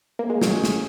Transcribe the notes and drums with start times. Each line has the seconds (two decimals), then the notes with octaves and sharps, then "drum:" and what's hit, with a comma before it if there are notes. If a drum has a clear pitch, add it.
0.19 A#3
0.30 G#3
0.41 F#3 G#3 C#4 G#4, drum: snare
0.64 drum: snare